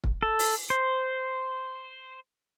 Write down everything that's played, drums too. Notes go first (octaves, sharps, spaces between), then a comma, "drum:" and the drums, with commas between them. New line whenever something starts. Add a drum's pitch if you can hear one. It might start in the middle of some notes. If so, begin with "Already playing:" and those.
drum: kick
A4
drum: open hi-hat
C5